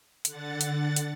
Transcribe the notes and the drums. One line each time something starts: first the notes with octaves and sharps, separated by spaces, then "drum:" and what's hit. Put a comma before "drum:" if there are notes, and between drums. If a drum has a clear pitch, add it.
D3 F#5 A6, drum: hi-hat
drum: hi-hat
drum: hi-hat